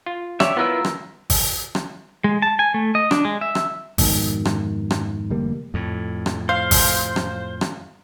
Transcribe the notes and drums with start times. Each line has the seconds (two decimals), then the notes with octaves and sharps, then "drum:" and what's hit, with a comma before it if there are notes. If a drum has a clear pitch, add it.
0.06 F4
0.40 G4 C#5 D5 E5, drum: rim click
0.57 B3 E4 F4 A#4 B4 E6
0.85 drum: rim click
1.30 drum: kick G#1, open hi-hat
1.75 drum: rim click
2.24 G#3
2.42 A5
2.59 G#5
2.74 A3
2.95 D#5
3.11 D4, drum: rim click
3.25 G#3
3.41 E5
3.55 drum: rim click
3.98 F2 G#2 B2 D#3, drum: kick G#1, open hi-hat
4.45 drum: rim click
4.91 drum: rim click
5.30 F1 D3 G3 A#3
5.74 F2 A2
6.26 drum: rim click
6.49 C5 F5
6.71 drum: kick G#1, open hi-hat
7.16 drum: rim click
7.61 drum: rim click